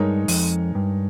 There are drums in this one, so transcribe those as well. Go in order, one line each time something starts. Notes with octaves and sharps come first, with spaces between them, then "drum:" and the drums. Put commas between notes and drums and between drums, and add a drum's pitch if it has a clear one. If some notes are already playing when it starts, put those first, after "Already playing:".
Already playing: G2 G#3 D#4 A#4 C#5
F2, drum: open hi-hat
G2